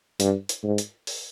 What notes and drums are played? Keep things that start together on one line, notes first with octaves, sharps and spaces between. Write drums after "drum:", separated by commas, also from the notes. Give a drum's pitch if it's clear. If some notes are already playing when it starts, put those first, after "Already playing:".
G2, drum: hi-hat
drum: hi-hat
G#2
drum: hi-hat
drum: open hi-hat